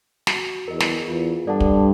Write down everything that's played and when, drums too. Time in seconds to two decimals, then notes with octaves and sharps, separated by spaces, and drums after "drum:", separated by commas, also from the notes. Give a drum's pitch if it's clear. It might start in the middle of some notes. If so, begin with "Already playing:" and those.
0.27 F#4, drum: snare
0.68 E2 A#4 D#5
0.81 drum: snare
1.07 E2 F4
1.47 G2 A4 D5 F#5 A5
1.60 drum: kick